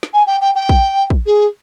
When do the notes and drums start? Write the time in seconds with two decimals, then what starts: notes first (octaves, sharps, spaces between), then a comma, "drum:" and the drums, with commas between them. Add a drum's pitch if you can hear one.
0.03 drum: snare
0.13 G#5
0.26 G5
0.41 G5
0.55 G5
0.69 drum: kick
1.10 drum: kick
1.26 G#4